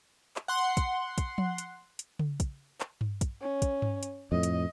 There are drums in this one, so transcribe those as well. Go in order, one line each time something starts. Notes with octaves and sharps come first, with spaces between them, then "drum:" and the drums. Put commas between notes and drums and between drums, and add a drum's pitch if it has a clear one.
drum: clap
F#5 C6
drum: kick, hi-hat
drum: kick, hi-hat
drum: tom F3
drum: hi-hat
drum: hi-hat
drum: tom C#3
drum: kick, hi-hat
drum: clap
drum: tom G2
drum: kick, hi-hat
C#4
drum: kick, hi-hat
drum: tom G2
drum: hi-hat
F2 A2 D#5
drum: hi-hat